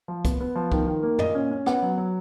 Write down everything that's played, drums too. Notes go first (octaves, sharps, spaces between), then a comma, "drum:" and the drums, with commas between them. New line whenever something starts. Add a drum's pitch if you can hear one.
F3
B3, drum: kick, hi-hat
B3
F3
D#3, drum: kick
D#3
A#3
A#2 D#5, drum: tom
C#4
C#4
B3 F#5, drum: rim click
F#3
F#3